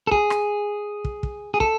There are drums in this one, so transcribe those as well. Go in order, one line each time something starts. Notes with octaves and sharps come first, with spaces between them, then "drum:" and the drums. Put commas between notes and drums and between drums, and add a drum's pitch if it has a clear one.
A4
G#4, drum: kick
drum: rim click
drum: kick
drum: kick
G#4
A4, drum: kick